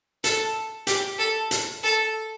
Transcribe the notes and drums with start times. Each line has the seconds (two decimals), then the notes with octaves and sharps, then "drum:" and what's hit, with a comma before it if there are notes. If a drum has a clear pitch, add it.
0.24 A4, drum: hi-hat
0.87 G4, drum: hi-hat
1.19 A4
1.51 drum: hi-hat
1.83 A4